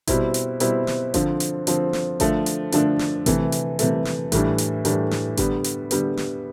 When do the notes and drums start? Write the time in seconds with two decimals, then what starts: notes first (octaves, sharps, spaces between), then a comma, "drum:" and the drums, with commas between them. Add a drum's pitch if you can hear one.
0.07 B2 G3 C4 E4, drum: kick G#1, hi-hat
0.34 drum: hi-hat
0.60 B2 G3 C4 E4, drum: hi-hat
0.87 drum: snare
1.14 D3 F3 C4, drum: kick G#1, hi-hat
1.40 drum: hi-hat
1.67 D3 F3 C4, drum: hi-hat
1.93 drum: snare
2.20 D3 F3 A3 D4, drum: kick G#1, hi-hat
2.46 drum: hi-hat
2.72 D3 F3 A3 D4, drum: hi-hat
2.99 drum: snare
3.26 C3 E3 A3, drum: kick G#1, hi-hat
3.52 drum: hi-hat
3.79 C3 E3 A3, drum: hi-hat
4.05 drum: snare
4.32 A2 E3 G3 D4, drum: kick G#1, hi-hat
4.58 drum: hi-hat
4.85 A2 E3 G3 D4, drum: hi-hat
5.11 drum: snare
5.37 D3 G3 B3, drum: kick G#1, hi-hat
5.64 drum: hi-hat
5.91 D3 G3 B3, drum: hi-hat
6.17 drum: snare